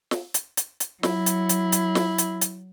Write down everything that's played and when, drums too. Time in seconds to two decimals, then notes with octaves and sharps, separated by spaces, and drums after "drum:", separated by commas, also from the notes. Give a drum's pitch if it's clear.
0.11 drum: snare
0.34 drum: hi-hat
0.57 drum: hi-hat
0.80 drum: hi-hat
1.03 F#3 E4, drum: snare
1.26 drum: hi-hat
1.49 drum: hi-hat
1.72 drum: hi-hat
1.95 drum: snare
2.18 drum: hi-hat
2.41 drum: hi-hat